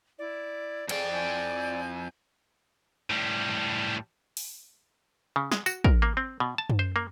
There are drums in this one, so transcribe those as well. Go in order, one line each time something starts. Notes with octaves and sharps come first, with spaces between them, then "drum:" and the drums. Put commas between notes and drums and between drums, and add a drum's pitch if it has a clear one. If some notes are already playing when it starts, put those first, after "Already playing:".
E4 D5
F2 G#4 D5 G5, drum: cymbal
E4 G#5 G6
A2 G3
drum: open hi-hat
C#3
G#3, drum: snare
F#4, drum: tambourine
A#4, drum: kick
A#3
C4
B2
A5
drum: tom F#2
C5
A#3